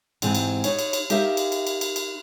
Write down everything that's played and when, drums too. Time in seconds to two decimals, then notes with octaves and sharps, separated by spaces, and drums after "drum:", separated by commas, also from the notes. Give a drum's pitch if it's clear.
0.22 G#2 E3 C4 G#5, drum: cymbal
0.35 drum: cymbal
0.64 D#4 C#5, drum: cymbal
0.79 drum: cymbal
0.93 drum: cymbal
1.10 D#4 G4 A#4 E5 F5, drum: cymbal
1.37 drum: cymbal
1.52 drum: cymbal
1.67 drum: cymbal
1.81 drum: cymbal
1.96 drum: cymbal